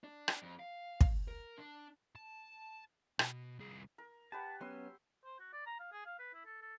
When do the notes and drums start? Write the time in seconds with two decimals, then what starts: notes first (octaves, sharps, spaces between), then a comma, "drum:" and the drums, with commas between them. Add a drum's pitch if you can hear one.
0.04 D4
0.28 drum: rim click
0.42 F2
0.60 F5
1.01 drum: kick
1.28 A#4
1.58 D4
2.15 A5
3.19 B2, drum: rim click
3.59 C2 G#4
3.98 A#4
4.32 G4 B4 F#5 A5
4.61 F#3 B3 C#4 C6 E6
5.24 C5
5.40 F#4
5.53 D5
5.66 A#5
5.79 F5
5.92 G#4
6.06 F5
6.19 B4
6.34 E4
6.45 A4
6.62 A4